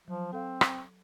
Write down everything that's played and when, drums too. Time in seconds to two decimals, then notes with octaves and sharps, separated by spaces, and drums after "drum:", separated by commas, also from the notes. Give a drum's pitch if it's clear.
0.08 F3 F#3
0.33 C4 A4 F5
0.61 drum: rim click